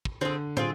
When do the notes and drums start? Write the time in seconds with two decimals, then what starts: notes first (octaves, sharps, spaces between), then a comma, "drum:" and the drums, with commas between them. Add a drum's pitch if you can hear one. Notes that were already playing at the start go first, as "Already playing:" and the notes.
0.05 drum: kick
0.21 D3 C4 F4 G#4
0.57 C4 F4 G#4, drum: tom